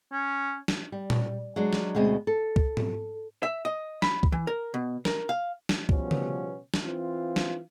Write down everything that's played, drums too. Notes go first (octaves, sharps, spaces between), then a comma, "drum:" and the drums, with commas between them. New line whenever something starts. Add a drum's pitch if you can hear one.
C#4
drum: snare
G3
drum: tom A#2
F#3 G#3 D4
drum: snare
D2 B2 G#3 C4 D#5
A4
drum: kick C#2
drum: tom
E5
D#5
B5, drum: snare
drum: kick C#2
E3
A#4
B2
A#4, drum: snare
F5
drum: snare
B2 F3 G3 B3 C#4, drum: kick C#2
drum: tom
drum: snare
E3 C4 F4
drum: snare